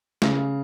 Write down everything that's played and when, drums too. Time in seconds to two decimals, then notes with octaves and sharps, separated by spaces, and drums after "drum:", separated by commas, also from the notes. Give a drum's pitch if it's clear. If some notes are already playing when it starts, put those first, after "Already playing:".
0.22 C#3, drum: snare